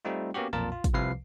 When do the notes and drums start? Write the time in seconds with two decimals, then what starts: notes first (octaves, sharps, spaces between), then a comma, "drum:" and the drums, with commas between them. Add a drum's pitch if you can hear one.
0.05 G3 A3 C4 D#4 F4
0.34 A#3 B3 C#4 F#4 G4
0.53 B1 F2 A#2 F4 A#4 A5
0.72 F4
0.84 drum: kick, hi-hat
0.93 C2 C3 F3 B4 F5 C7